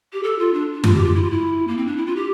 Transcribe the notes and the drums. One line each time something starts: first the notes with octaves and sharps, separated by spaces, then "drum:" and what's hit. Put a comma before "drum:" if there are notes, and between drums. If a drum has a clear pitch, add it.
G4
A4
F4
D4
D4
F4, drum: tom F#2
G4
F4
E4
F4
E4
A#3
C4
D4
E4
F4
G4